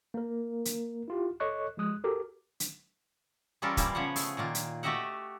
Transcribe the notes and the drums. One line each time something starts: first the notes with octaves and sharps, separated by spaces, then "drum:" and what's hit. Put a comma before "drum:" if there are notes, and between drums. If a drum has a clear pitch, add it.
A#3 A#4
drum: hi-hat
E4 F4 G4
A4 C#5 D#5 C#6 F#6
F3 G#3 D#6 F#6
F#4 G4 A4 A#4 D6
drum: hi-hat
E3 G3 C#4 F4 A4 A#4
A#2 E3 G3 A#3 F4 C5, drum: kick, hi-hat
C#3 F3 B3 C#5 F#5
A3 G#4, drum: open hi-hat
A#2 D#3 A#3 F4
drum: hi-hat
A3 F#4 G4 D#5 E5 F#5